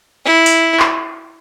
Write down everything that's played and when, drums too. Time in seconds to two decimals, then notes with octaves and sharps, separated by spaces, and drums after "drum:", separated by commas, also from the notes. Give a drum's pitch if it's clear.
0.25 E4
0.46 drum: open hi-hat
0.80 drum: clap